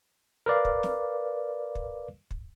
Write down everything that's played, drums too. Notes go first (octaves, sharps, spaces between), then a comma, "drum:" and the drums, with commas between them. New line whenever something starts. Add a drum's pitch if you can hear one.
A#4 B4 D5 F5
drum: kick
drum: snare
drum: kick
drum: kick